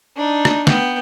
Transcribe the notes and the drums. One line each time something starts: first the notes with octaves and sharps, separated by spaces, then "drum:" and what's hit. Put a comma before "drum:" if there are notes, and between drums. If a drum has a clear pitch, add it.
D4 D#4
drum: rim click
B3 G5, drum: snare